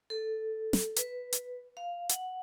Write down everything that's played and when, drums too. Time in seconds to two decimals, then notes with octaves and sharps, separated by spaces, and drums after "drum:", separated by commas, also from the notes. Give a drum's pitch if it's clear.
0.10 A4
0.73 drum: snare
0.96 B4, drum: hi-hat
1.33 drum: hi-hat
1.77 F5
2.09 F#5, drum: hi-hat